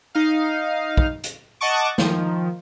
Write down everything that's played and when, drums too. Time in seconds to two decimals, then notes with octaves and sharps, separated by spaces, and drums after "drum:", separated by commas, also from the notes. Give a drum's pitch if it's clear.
0.15 D#4 F5
0.97 drum: kick
1.24 drum: hi-hat
1.61 D#5 F#5 A5 C#6 D6
1.98 D#3 F3, drum: snare